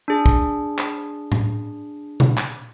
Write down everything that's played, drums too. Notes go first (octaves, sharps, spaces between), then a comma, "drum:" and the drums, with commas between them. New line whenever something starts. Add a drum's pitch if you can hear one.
D4 G#4
drum: kick
drum: clap
drum: tom A2
drum: tom A#2
drum: clap